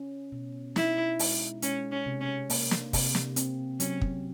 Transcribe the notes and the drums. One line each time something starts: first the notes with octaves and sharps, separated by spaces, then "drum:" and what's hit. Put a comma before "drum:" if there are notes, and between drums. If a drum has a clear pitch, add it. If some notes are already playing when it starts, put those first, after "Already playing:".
Already playing: C#4
B2
D#4 E4, drum: snare
G#3, drum: open hi-hat
G#3 C#4, drum: hi-hat
C#4
C3
C#4
A#3, drum: open hi-hat
drum: snare
C3, drum: kick, open hi-hat
drum: snare
C4, drum: hi-hat
F#3 C#4, drum: hi-hat
drum: kick